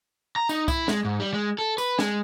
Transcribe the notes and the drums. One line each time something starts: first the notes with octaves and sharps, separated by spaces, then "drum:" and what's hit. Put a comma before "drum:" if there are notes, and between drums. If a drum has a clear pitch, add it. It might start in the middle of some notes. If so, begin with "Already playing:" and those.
A#5
D#4, drum: tambourine
E4, drum: kick C2, tambourine
G#3, drum: snare
G#2
G3
G#3
A4
B4, drum: tambourine
G#3, drum: snare